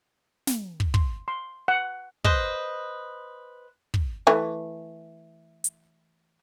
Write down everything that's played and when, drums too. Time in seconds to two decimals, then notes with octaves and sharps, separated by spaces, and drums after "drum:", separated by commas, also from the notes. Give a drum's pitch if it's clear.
0.47 drum: snare
0.80 drum: kick
0.94 C6, drum: kick
1.28 C6
1.68 F#5
2.24 B4 C5 D#5, drum: kick
3.94 drum: kick
4.27 E3 A3
5.64 drum: hi-hat